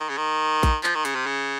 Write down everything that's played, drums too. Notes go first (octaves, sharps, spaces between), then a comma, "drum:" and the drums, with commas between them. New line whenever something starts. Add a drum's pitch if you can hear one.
D#3
C#3
D#3
drum: kick A#1, hi-hat
F3, drum: clap
D#3
C#3, drum: hi-hat
C3
C#3